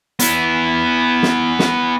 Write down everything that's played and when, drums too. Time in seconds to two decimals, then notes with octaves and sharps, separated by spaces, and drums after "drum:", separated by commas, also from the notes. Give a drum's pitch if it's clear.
0.19 B3 E4, drum: hi-hat
1.23 drum: snare
1.59 drum: snare